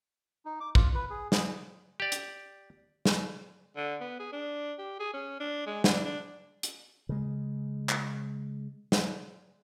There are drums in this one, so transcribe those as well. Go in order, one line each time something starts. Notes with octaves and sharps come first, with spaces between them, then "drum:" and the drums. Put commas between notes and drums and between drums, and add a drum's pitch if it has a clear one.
D#4
D6
F4, drum: kick
B4
G#4
G#4, drum: snare
G4 D5
drum: hi-hat
drum: snare
D3
B3
G#4
D4
G4
G#4
C#4
D4
G#3
D4, drum: snare
D4
drum: hi-hat
C#3 G#3
drum: clap
drum: snare